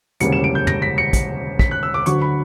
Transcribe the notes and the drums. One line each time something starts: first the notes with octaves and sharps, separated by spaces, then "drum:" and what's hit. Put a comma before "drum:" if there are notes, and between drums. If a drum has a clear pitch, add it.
E1 D2 C#3 G3 A#3 C#7, drum: hi-hat
E7
D7
G6
A#6, drum: tom
B6
C#7
drum: kick, hi-hat
B6, drum: kick
F#6
E6
D6
D2 D3 F#3 C#6, drum: hi-hat
B5